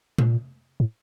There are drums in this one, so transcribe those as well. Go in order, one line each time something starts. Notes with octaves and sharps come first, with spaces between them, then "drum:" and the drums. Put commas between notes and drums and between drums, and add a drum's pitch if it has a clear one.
A#2, drum: tom C3
A2